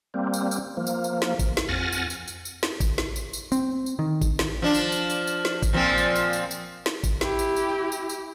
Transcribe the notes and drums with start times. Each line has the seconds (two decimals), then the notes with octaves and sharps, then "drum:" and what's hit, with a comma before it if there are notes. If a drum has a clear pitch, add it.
0.14 G3 A#3 C4
0.34 drum: tambourine
0.51 drum: tambourine
0.77 F3 A#3
0.87 drum: tambourine
1.04 drum: tambourine
1.22 drum: snare
1.39 drum: kick, tambourine
1.57 drum: snare
1.69 F2 F#5 G#5 F6 A6 A#6
1.92 drum: tambourine
2.10 drum: tambourine
2.28 drum: tambourine
2.45 drum: tambourine
2.63 drum: snare
2.80 drum: kick, tambourine
2.98 drum: snare
3.16 drum: tambourine
3.33 drum: tambourine
3.52 C4, drum: tambourine
3.86 drum: tambourine
3.99 D#3
4.21 drum: kick, tambourine
4.39 drum: snare
4.62 F3 D4
4.74 drum: tambourine
4.92 drum: tambourine
5.10 drum: tambourine
5.27 drum: tambourine
5.45 drum: snare
5.63 drum: kick, tambourine
5.73 A#2 F3 C4
5.98 drum: tambourine
6.15 drum: tambourine
6.33 drum: tambourine
6.51 drum: tambourine
6.86 drum: snare
7.04 drum: kick, tambourine
7.21 E4 G4, drum: snare
7.39 drum: tambourine
7.56 drum: tambourine
7.92 drum: tambourine
8.09 drum: tambourine